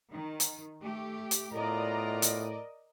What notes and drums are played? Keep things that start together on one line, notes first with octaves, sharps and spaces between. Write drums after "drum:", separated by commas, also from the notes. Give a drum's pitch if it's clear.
D#3
drum: hi-hat
A3 G4
drum: hi-hat
A2 B3 F4 A#4 D5 D#5 A#5
drum: hi-hat